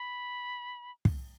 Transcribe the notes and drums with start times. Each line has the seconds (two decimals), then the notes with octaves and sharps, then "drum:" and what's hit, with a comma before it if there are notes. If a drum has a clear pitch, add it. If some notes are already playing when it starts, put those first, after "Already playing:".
Already playing: B5
1.05 drum: kick